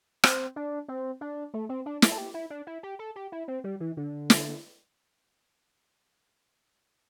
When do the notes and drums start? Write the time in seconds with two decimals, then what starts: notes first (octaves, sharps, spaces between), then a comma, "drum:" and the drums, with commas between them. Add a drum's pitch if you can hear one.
0.24 C4, drum: rim click
0.56 D4
0.88 C4
1.21 D4
1.54 A3
1.69 C4
1.86 D4
2.02 E4, drum: snare
2.12 A4
2.18 G4
2.34 E4
2.50 D4
2.67 E4
2.83 G4
2.99 A4
3.16 G4
3.32 E4
3.48 C4
3.64 G3
3.80 E3
3.97 D3
4.30 drum: snare